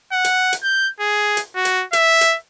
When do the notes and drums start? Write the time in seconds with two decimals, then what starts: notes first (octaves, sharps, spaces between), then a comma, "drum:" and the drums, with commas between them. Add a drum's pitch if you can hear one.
0.12 F#5
0.24 drum: hi-hat
0.53 drum: hi-hat
0.63 G6
1.00 G#4
1.37 drum: hi-hat
1.56 F#4
1.65 drum: hi-hat
1.93 E5, drum: hi-hat
2.21 drum: hi-hat